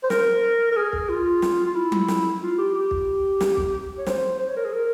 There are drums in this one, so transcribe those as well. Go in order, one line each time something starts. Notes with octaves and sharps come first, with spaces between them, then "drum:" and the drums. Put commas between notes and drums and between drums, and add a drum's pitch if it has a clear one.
C5
A#4, drum: snare
A#4
G#4
drum: kick
F4
drum: snare
F4
E4
drum: tom F#3
drum: snare
F4
G4
G4
drum: kick
drum: snare
drum: kick
C#5
C5, drum: snare
C5
C#5
A#4
G#4
A#4